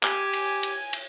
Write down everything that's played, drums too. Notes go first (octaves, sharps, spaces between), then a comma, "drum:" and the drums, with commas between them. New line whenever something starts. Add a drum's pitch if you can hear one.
G4 G#5, drum: clap
drum: cymbal
drum: cymbal
drum: cymbal